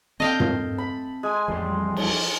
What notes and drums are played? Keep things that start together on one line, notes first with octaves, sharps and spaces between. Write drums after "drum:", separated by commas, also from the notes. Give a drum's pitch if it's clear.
C4 A4 D#5 F5 G5
drum: tom
B5
G#3 G#5
A1 F2 F3 G3 C6
drum: cymbal